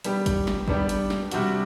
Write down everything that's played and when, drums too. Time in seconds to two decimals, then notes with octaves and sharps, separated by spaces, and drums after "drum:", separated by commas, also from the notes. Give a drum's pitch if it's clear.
0.04 G3 B3 D4 G4, drum: hi-hat
0.26 drum: kick, hi-hat
0.47 drum: snare
0.68 G3 B3 D4 G4, drum: kick
0.89 drum: hi-hat
1.10 drum: snare
1.31 C3 G3 D4 F#4, drum: hi-hat